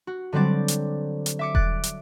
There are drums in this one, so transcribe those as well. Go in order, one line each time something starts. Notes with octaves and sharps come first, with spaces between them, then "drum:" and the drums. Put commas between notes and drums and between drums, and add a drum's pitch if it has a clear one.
F#4
D3 F#3 G3 C4 D5
drum: hi-hat
drum: hi-hat
E5 D6 C#7
F#6 A6 D7, drum: kick E1
drum: hi-hat